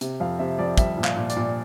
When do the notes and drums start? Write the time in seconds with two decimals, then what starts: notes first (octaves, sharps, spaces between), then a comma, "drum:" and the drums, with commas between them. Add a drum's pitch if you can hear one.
0.01 C3, drum: hi-hat
0.20 F2 F5
0.39 C3 E5
0.58 F2 D5
0.78 G3 E5, drum: kick, hi-hat
0.97 A#2
1.04 F5, drum: clap
1.16 A#2
1.30 D5, drum: hi-hat
1.37 A#2